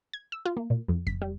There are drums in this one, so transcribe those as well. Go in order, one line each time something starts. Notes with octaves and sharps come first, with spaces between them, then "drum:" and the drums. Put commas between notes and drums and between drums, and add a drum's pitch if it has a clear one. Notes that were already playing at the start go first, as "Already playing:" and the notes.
G#6
E6
F4
A#3
A#2
F2
B6, drum: kick F2
G3